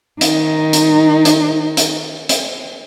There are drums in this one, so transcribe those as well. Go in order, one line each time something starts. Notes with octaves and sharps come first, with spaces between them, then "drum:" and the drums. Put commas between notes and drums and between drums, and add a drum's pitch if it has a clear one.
D#3 D#4, drum: hi-hat
drum: hi-hat
drum: hi-hat
drum: hi-hat
drum: hi-hat